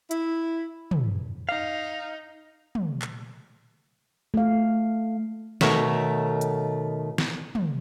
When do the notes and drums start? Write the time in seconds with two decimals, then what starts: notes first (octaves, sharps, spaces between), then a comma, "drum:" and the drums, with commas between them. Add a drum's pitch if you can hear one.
0.11 E4, drum: hi-hat
0.91 drum: tom
1.49 D#4 F5
2.75 drum: tom
3.02 drum: clap
4.34 A3 F5
5.61 B2 D#3 A3 A#4 C#5 E5, drum: snare
6.41 drum: hi-hat
7.18 drum: snare
7.55 drum: tom